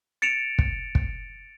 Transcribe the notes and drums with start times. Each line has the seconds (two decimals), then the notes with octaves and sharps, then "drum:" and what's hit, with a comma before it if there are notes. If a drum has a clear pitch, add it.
0.22 A6 C#7 D7 E7 F7
0.59 drum: kick
0.95 drum: kick